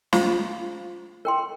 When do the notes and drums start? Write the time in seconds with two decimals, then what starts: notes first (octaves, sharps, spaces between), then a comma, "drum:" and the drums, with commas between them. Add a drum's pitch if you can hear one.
0.13 F4 C5 F5, drum: snare
1.25 A#4 G5 C6